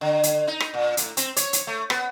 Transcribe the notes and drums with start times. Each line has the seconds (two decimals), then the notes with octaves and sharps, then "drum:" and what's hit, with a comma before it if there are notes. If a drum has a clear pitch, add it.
0.01 D3
0.23 drum: hi-hat
0.47 D#4
0.60 drum: rim click
0.74 A#2
0.97 A2, drum: hi-hat
1.17 C4, drum: hi-hat
1.36 C#5, drum: hi-hat
1.53 drum: hi-hat
1.67 A3
1.90 B3, drum: rim click